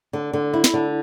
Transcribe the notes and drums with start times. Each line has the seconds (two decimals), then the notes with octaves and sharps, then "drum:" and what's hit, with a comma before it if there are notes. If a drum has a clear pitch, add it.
0.13 D3
0.33 D3
0.53 E4
0.64 drum: snare
0.74 D3